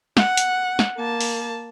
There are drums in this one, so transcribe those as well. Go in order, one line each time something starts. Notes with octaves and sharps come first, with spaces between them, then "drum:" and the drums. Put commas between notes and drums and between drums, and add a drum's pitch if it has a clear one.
F#5, drum: snare
drum: hi-hat
drum: snare
A#3 A5
drum: open hi-hat